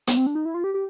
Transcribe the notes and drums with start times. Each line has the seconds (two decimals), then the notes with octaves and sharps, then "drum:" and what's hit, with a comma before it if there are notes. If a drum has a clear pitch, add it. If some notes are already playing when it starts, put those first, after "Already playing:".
0.07 B3, drum: hi-hat
0.17 C4
0.26 D4
0.35 D#4
0.45 E4
0.54 F4
0.64 G4
0.74 G4